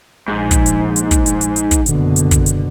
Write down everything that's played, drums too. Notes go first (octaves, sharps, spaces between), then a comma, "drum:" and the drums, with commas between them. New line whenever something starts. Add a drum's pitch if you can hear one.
A#1 G#2
drum: kick, hi-hat
drum: hi-hat
drum: hi-hat
drum: kick, hi-hat
drum: hi-hat
drum: hi-hat
drum: hi-hat
drum: kick, hi-hat
F#1 B2 D3, drum: hi-hat
drum: hi-hat
drum: kick, hi-hat
drum: hi-hat